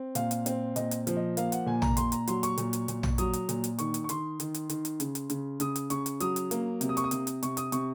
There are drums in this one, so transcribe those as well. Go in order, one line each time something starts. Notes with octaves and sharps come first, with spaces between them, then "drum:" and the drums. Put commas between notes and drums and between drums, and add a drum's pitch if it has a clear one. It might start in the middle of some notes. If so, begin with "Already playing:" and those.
Already playing: C4
A#2 F5, drum: hi-hat
drum: hi-hat
C4, drum: hi-hat
A#2 D#5, drum: hi-hat
drum: hi-hat
F3, drum: hi-hat
D#5
A#3 F5, drum: hi-hat
F#5, drum: hi-hat
A#2 G#5
A#5, drum: tom A#1
A#2 C6, drum: hi-hat
A#5, drum: hi-hat
F#3 C6, drum: hi-hat
C#6, drum: hi-hat
A#2, drum: hi-hat
drum: hi-hat
A#2, drum: hi-hat
drum: tom A#1
F#3 D#6, drum: hi-hat
drum: hi-hat
A#2, drum: hi-hat
drum: hi-hat
D#3 C#6, drum: hi-hat
drum: hi-hat
C#6
D#3 C6, drum: hi-hat
D#3, drum: hi-hat
drum: hi-hat
D#3, drum: hi-hat
drum: hi-hat
C#3, drum: hi-hat
drum: hi-hat
C#3, drum: hi-hat
C#3 D#6, drum: hi-hat
drum: hi-hat
C#3 C#6, drum: hi-hat
drum: hi-hat
F#3 D#6, drum: hi-hat
drum: hi-hat
A#3, drum: hi-hat
C3, drum: hi-hat
D#6
C#6, drum: hi-hat
D#6
C3, drum: hi-hat
drum: hi-hat
C3 C#6, drum: hi-hat
D#6, drum: hi-hat
C3 C#6, drum: hi-hat